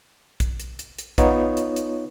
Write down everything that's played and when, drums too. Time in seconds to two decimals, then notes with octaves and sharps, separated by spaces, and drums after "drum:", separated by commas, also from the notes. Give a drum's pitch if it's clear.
0.40 drum: kick A#1, hi-hat
0.60 drum: hi-hat
0.79 drum: hi-hat
0.98 drum: hi-hat
1.18 B3 D#4 F4 C#5, drum: kick A#1, hi-hat
1.57 drum: hi-hat
1.76 drum: hi-hat